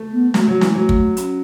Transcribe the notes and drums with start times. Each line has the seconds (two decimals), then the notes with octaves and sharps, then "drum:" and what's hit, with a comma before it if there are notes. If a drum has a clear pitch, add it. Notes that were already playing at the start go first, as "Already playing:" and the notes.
Already playing: A3
0.13 B3
0.34 F#3 A3, drum: snare
0.48 F#3
0.54 G#3
0.61 E3, drum: snare
0.75 F#3 A3
0.89 drum: kick
1.17 C#4, drum: hi-hat